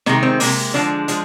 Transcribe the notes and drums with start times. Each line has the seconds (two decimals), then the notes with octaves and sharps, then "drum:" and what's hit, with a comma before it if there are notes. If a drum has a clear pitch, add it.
0.06 C3 D#3 G#3 D#4, drum: snare
0.23 C4
0.40 C3 D#3 G#3 A#3, drum: open hi-hat
0.74 D3 F3 G#3 D4
1.08 F3 G#3, drum: hi-hat